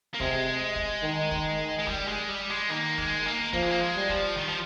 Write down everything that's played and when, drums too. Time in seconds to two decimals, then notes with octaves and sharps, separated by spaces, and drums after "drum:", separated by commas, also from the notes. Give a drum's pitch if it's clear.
0.14 A#3
0.20 C3 G#3, drum: kick
0.76 drum: kick
1.03 D#3
1.31 drum: kick
1.79 G#3
1.87 G3, drum: kick
2.08 G#3
2.29 G3
2.50 G#3
2.70 D#3 A#3
2.98 G#3, drum: kick
3.26 A#3
3.53 F3 A#3, drum: kick
3.62 G#3
3.71 A#3
3.81 G#3
3.95 G3
4.09 F3, drum: kick
4.37 D#3
4.48 F3